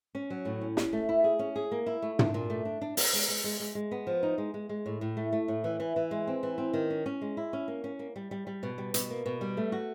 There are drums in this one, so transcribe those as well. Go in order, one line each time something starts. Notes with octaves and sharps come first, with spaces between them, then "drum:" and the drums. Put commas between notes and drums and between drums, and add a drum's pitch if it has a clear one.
C#4
F#3
A2
C#4
C#4, drum: snare
A3
E4
G#4
C#4
G#4
A#3
E4
A3
D4, drum: tom
A#2
A3
D4
D4
B3, drum: open hi-hat
G#3
G#3
G#3
G#3
G#3
B3
F3
D#4
G#3
G#3
G#3
A2
A2
A3
A3
A2
E3
E3
E3
G#3
C4
E3
C4
D#3
C#4
C#4
G#3
E4
C#4
A#3
C#4
A#3
G3
G3
G3
B2
G3
B2, drum: hi-hat
A#3
B2
G3
A3
F#4